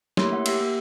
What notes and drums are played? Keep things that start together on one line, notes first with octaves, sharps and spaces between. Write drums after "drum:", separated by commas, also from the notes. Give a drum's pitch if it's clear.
A3 A#3 E4 G4 C#5 C6, drum: snare
E5 F#5
G4 E5 E6, drum: cymbal
A#3